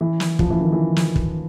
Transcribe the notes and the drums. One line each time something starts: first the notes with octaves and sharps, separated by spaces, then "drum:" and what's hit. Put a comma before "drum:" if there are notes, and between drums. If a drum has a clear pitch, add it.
E3
drum: snare
F3, drum: kick
E3
D#3
E3
drum: snare
drum: kick